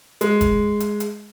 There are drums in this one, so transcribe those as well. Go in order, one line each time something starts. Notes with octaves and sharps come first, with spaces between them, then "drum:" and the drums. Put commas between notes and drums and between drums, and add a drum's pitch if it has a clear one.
G#3, drum: hi-hat
drum: kick, hi-hat
drum: hi-hat
drum: hi-hat